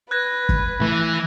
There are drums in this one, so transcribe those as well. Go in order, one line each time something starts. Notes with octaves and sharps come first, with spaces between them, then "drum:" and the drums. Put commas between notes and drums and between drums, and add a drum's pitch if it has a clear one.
B4 F#6 G#6 A#6
drum: kick
E3 A3